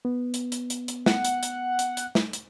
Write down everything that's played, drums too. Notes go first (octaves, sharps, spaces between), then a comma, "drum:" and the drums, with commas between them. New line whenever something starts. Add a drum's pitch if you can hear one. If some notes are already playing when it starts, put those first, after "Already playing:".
B3
drum: hi-hat
drum: hi-hat
drum: hi-hat
drum: hi-hat
F#5, drum: snare
drum: hi-hat
drum: hi-hat
drum: hi-hat
drum: hi-hat
drum: snare
drum: hi-hat